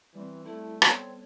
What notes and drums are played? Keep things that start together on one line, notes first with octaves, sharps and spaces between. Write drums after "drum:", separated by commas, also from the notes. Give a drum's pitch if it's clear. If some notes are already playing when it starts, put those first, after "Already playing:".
E3 G3 C4
A3 E4
B3 C4 A4 C#5, drum: rim click